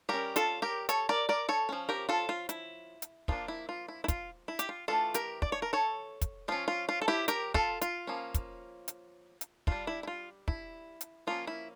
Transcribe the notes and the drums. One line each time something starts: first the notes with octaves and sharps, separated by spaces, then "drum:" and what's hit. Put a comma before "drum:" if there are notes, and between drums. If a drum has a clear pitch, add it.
G3 C#4 G4 A#4
F4 A4, drum: hi-hat
G4 A#4
A4 C#5, drum: hi-hat
A#4 D5
A#4 D5
A4 C#5
F3 C#4
G4 A#4
F4 A4
F4
E4, drum: hi-hat
drum: hi-hat
F3 A#3 D4 F4, drum: kick
E4
F4
E4
E4
F4, drum: kick, hi-hat
E4
G4, drum: hi-hat
F4
E3 A3 D4 F4 A4
G4 A#4, drum: hi-hat
D5, drum: kick
C#5
A#4
A4 C#5
drum: kick, hi-hat
F3 C#4 F4
F4
F4
A4
E4 G4
G4 A#4, drum: hi-hat
F4 A4, drum: kick
F4, drum: hi-hat
F3 A#3 C#4
drum: kick, hi-hat
drum: hi-hat
drum: hi-hat
G3 D4 F4, drum: kick
E4
E4
F4
E4, drum: kick
drum: hi-hat
F3 A#3 C#4 F4
E4